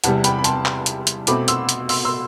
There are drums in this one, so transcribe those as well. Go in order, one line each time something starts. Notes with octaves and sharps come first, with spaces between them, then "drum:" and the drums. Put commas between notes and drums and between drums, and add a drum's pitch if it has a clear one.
E2 C3 G3 F#5 A5, drum: hi-hat
G5 B5, drum: hi-hat
B5
A5 C6, drum: hi-hat
drum: clap
drum: hi-hat
drum: hi-hat
B2 A3 C4 B5 D6, drum: hi-hat
C6 E6, drum: hi-hat
drum: hi-hat
C6 E6, drum: open hi-hat
C6 E6